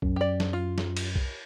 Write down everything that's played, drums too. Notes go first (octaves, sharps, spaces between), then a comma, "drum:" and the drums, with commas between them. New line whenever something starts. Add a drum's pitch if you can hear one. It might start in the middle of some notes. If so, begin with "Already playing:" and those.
F#2, drum: kick B1
G4 D5
drum: snare
F4
drum: snare
drum: cymbal
drum: kick B1